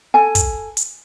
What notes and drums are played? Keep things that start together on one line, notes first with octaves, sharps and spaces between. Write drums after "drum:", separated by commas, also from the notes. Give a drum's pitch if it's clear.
A4 G#5
drum: kick, hi-hat
drum: hi-hat